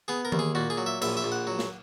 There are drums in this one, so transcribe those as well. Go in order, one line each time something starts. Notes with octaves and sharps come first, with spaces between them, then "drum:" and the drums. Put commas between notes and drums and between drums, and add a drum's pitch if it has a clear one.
B3 G#4
A#4
D#2, drum: tom E3
G#4
A#2 F#4
G#4
F#3
E5
A#1 E5, drum: cymbal
E5
A#1
F#5
F#3
drum: snare